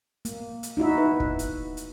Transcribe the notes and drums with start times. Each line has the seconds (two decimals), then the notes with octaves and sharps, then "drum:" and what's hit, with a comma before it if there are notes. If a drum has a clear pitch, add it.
0.25 A#3, drum: hi-hat
0.63 drum: hi-hat
0.77 D#4 E4 F#4 E5
0.98 B4
1.20 drum: kick
1.39 drum: hi-hat
1.77 drum: hi-hat